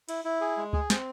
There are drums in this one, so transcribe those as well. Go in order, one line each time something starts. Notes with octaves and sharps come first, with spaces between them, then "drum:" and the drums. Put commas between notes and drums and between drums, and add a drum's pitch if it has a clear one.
E4, drum: cymbal
E4
G#4
G#3
G#4, drum: kick C#2
C4, drum: snare